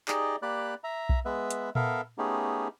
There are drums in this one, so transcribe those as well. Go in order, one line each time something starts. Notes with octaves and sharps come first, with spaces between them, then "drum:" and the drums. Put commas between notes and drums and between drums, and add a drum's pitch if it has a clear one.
D#4 G4 G#4 D5 D#5, drum: clap
A#3 G4 D5 B5 F#6
E5 A#5
drum: kick B1
G#3 B3 B4 E5
drum: hi-hat
B3 A4 A#4 E5 F5, drum: tom A#2
A3 B3 C#4 D#4 G4 G#4